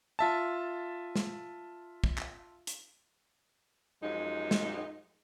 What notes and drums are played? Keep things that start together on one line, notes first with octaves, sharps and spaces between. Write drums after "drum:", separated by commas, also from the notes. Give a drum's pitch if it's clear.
F4 E5 A5
drum: snare
drum: kick
drum: clap
drum: hi-hat
F#2 F3 G#3 D#4 G4
drum: snare